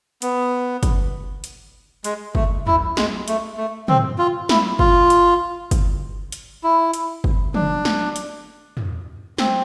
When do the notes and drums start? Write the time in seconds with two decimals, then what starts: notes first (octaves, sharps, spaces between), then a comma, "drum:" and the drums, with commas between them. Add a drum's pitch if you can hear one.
0.22 B3, drum: hi-hat
0.83 drum: kick, hi-hat
1.44 drum: hi-hat
2.04 G#3, drum: hi-hat
2.35 A3, drum: kick
2.67 E4, drum: tom
2.97 G#3, drum: snare
3.28 A3, drum: hi-hat
3.57 A3
3.88 C4, drum: tom
4.18 F4
4.49 E4, drum: snare
4.79 F4, drum: kick
5.10 drum: hi-hat
5.71 drum: kick, hi-hat
6.32 drum: hi-hat
6.64 E4
6.94 drum: hi-hat
7.24 drum: kick
7.54 D4, drum: tom
7.85 drum: snare
8.16 drum: hi-hat
8.77 drum: tom
9.38 C4, drum: snare